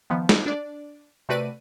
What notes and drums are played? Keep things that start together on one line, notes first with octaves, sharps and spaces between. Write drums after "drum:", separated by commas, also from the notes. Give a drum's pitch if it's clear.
D#3 F3 B3
drum: snare
D4 D5
C3 A3 F#4 B4 D5 D#7